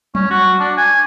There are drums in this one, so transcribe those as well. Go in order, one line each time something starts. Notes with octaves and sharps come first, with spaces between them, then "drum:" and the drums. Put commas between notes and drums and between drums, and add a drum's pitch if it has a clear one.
C#4, drum: tom F#3
F#4
D4
G#5